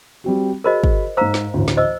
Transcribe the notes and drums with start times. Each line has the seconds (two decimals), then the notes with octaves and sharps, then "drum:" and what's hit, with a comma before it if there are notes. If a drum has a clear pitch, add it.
0.24 G3 C4 F#4
0.64 F#4 G#4 A#4 C5 D#5 B5
0.84 drum: kick
1.17 G#2 C5 F5 A#5 E6
1.34 drum: snare
1.54 A1 D2
1.68 drum: snare
1.77 C5 D#5 E6